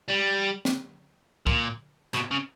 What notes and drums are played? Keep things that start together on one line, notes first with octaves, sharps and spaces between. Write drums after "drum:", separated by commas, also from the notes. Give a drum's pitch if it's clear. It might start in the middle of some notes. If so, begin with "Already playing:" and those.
G3
drum: snare
A#2, drum: kick
B2, drum: clap
C#3